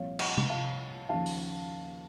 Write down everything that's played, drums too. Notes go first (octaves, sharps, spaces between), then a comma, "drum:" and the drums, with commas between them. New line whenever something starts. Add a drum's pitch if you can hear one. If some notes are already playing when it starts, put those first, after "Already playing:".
Already playing: C2 A#2 F3 C4 C#5 F5
D#5 F#5, drum: cymbal
drum: tom C3
F5 A5
D#2 C#3 F3 F5 A5
drum: open hi-hat